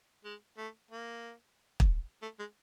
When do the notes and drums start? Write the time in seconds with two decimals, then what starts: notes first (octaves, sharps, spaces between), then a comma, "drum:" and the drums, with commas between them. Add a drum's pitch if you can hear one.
0.24 G#3
0.58 A3
0.91 A#3
1.80 drum: kick
2.22 A3
2.39 G#3